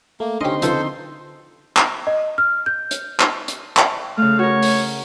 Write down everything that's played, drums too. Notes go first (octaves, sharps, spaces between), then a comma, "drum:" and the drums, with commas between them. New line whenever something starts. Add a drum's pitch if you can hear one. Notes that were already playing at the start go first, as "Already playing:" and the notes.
A3 A#3
D3 C4 C#4 D#4 G4 D#5 C6
C#3 E3 F3 A4 C5, drum: hi-hat
drum: clap
D#5
F6
G6
drum: hi-hat
drum: clap
drum: hi-hat
drum: clap
C#3 A3 F5
F#4 A#4 C#5
drum: open hi-hat